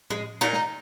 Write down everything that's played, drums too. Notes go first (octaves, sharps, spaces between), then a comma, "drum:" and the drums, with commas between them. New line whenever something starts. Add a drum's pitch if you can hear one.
G#3, drum: tom A2
A#2 D#4
drum: snare